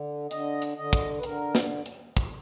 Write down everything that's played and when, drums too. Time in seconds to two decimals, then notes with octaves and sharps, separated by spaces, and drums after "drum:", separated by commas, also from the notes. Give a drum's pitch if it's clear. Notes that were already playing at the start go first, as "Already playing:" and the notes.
Already playing: D3
0.31 D3 D#5, drum: hi-hat
0.62 drum: hi-hat
0.77 D3 D#5
0.93 drum: kick, hi-hat
1.19 B4
1.23 D3 A#4, drum: hi-hat
1.55 drum: snare
1.86 drum: hi-hat
2.17 drum: kick, hi-hat